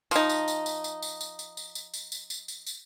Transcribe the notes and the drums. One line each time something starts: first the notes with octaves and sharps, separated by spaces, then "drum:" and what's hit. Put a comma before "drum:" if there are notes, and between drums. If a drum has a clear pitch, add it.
F3 D#4, drum: tambourine
drum: tambourine
drum: tambourine
drum: tambourine
drum: tambourine
drum: tambourine
drum: tambourine
drum: tambourine
drum: tambourine
drum: tambourine
drum: tambourine
drum: tambourine
drum: tambourine
drum: tambourine
drum: tambourine